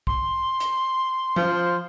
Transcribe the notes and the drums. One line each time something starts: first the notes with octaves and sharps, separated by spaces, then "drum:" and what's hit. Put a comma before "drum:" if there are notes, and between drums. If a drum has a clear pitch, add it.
C6, drum: kick
drum: hi-hat
F3, drum: tom F3